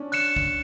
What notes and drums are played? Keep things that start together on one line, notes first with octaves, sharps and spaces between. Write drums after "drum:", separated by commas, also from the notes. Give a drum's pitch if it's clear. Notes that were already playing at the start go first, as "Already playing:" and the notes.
Already playing: C#4 D4
F#6 C#7 E7, drum: cymbal
drum: kick